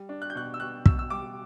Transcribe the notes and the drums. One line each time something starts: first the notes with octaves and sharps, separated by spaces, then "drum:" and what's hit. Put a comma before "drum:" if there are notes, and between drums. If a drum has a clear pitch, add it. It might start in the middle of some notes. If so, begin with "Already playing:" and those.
Already playing: G3
D4
F#6
G6
B2 F#6
E6
B2 F#6
B2 E6, drum: kick
E6
G3 D6